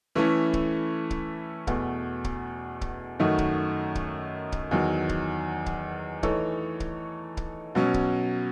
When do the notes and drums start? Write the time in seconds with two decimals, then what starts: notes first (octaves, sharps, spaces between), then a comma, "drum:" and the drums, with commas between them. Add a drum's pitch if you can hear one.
0.15 E3 A3 C#4 E4 A4
0.54 drum: kick
1.10 drum: kick
1.67 E2 B2 A3, drum: kick
2.24 drum: kick
2.81 drum: kick
3.19 F#2 D#3 A3 D#4 F#4
3.38 drum: kick
3.95 drum: kick
4.52 drum: kick
4.71 E2 D#3 F#3
5.09 drum: kick
5.66 drum: kick
6.23 E3 A3 D#4 A4 C#5, drum: kick
6.80 drum: kick
7.37 drum: kick
7.75 B2 F#3 C#4
7.94 drum: kick